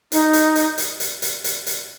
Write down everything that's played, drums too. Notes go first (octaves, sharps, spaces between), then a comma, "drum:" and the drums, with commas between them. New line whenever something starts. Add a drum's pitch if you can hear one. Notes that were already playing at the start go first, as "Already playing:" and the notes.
D#4, drum: hi-hat
drum: hi-hat
drum: hi-hat
drum: hi-hat
drum: hi-hat
drum: hi-hat
drum: hi-hat
drum: hi-hat